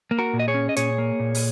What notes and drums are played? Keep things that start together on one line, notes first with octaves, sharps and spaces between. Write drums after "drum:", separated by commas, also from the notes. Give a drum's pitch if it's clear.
A#3
F#4 A#4
A#2
D#5
G#4 C#5
C#4
D#5
A#2 G#4 C#5, drum: hi-hat
A#3
A#2
drum: open hi-hat